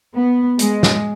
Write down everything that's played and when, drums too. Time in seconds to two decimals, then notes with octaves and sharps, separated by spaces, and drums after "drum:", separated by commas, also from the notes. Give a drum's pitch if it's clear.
0.13 B3
0.59 G#3, drum: hi-hat
0.83 drum: snare